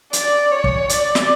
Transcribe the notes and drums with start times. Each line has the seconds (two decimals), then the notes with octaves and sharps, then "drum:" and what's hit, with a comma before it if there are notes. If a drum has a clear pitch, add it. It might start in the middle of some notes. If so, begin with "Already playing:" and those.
0.13 D5, drum: hi-hat
0.51 C#5
0.64 drum: kick
0.89 D5, drum: hi-hat
1.15 drum: snare